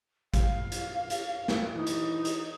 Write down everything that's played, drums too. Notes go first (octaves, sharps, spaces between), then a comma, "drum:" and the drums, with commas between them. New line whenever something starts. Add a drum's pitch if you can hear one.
F5, drum: kick G#1, hi-hat
drum: hi-hat
drum: hi-hat
drum: snare
E3 D#4
drum: hi-hat
drum: hi-hat